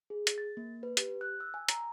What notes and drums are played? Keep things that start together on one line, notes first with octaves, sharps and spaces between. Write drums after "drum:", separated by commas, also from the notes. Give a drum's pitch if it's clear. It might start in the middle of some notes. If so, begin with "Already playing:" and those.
G#4
drum: hi-hat
A6
A#3
B4
G4, drum: hi-hat
F#6
E6
G#5
A#5, drum: hi-hat